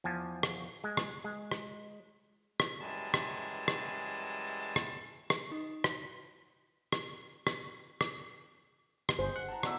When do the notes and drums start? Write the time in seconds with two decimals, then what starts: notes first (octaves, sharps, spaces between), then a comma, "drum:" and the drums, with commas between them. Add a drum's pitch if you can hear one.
0.04 E2 F3 G#5 A5
0.43 drum: rim click
0.84 G#3
0.97 drum: rim click
1.24 G#3
1.51 drum: rim click
2.60 drum: rim click
2.81 F#2 E3 G3 G#3 A5
3.14 drum: rim click
3.68 drum: rim click
4.76 drum: rim click
5.30 drum: rim click
5.52 D#4
5.84 drum: rim click
6.92 drum: rim click
7.47 drum: rim click
8.01 drum: rim click
9.09 drum: rim click
9.19 G1 G#4 C5
9.36 F#5
9.48 A5 A#5
9.63 B2 D5 E5, drum: rim click